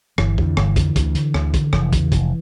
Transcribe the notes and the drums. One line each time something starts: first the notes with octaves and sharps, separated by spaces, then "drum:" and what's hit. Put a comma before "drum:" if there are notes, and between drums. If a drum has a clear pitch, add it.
G1 E3, drum: rim click
F2 D3, drum: kick
G1, drum: rim click
F2 D3, drum: kick, hi-hat
D2, drum: kick, hi-hat
D3, drum: hi-hat
D2, drum: rim click
D3, drum: kick, hi-hat
F1 E3, drum: rim click
E2 C#3, drum: kick, hi-hat
F1, drum: kick, hi-hat